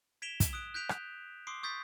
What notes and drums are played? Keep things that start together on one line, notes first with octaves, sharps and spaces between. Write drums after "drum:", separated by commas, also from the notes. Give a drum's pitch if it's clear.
G#6 B6 D7 E7 F7 G7
drum: kick, hi-hat
D#6 F#6 D7
F#6 G6 B6 D7 F7
drum: rim click
C6 D6 D#6 C7 D7
C#6 D#6 G6 A6 B6